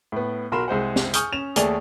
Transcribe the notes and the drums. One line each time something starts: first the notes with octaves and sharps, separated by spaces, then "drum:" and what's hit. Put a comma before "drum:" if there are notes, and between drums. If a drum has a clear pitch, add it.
A2 B3
B1 F#4 A#4 B5 C6 E7
C2 G#3 C5 F#5
drum: snare
G#5 C#6 D#6 F6 G6, drum: hi-hat
C#4 E7 F7
D#2 A3 G#4 D5 F7, drum: hi-hat